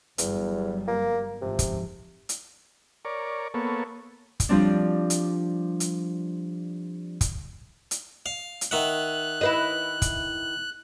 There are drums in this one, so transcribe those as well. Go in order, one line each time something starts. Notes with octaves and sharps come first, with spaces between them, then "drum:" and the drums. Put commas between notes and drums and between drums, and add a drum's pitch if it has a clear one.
G1 E2 F#3 G3, drum: hi-hat
A#3
G#1 G#2 C3 F3
drum: kick, hi-hat
drum: hi-hat
A#4 C#5 D5
A#3 B3 A4 C#5
drum: kick, hi-hat
F3 G3 C4 D4
drum: hi-hat
drum: hi-hat
drum: kick, hi-hat
drum: hi-hat
F5
drum: hi-hat
D#3 E5 F#5 F#6
E4 B4 D#5
drum: kick, hi-hat